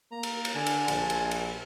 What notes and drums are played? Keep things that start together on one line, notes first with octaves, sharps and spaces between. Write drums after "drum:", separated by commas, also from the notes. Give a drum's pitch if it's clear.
A#3 A#5
drum: cymbal
drum: cymbal
D3 G#5 A5
drum: cymbal
A#1, drum: cymbal
drum: cymbal
drum: cymbal